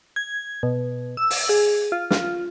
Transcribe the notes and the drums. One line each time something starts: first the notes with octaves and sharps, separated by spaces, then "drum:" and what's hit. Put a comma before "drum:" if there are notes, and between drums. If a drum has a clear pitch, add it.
G#6
B2
E6
drum: open hi-hat
G#4
F4
F4, drum: snare